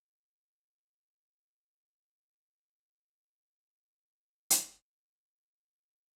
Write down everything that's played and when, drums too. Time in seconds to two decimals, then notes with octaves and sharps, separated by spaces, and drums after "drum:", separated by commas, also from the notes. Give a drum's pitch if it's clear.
0.17 B1
2.51 G#3 A5 C6 A#6 C7
3.04 D6
4.50 drum: hi-hat
5.15 C3 F3